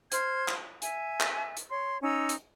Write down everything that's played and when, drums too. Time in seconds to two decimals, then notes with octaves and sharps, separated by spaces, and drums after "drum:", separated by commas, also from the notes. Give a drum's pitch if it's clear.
0.12 C5 F6 G#6, drum: hi-hat
0.48 drum: clap
0.82 E5 G#5, drum: hi-hat
1.20 drum: clap
1.57 drum: hi-hat
1.69 C#5 C6
2.02 C#4 D#4 E6
2.29 drum: hi-hat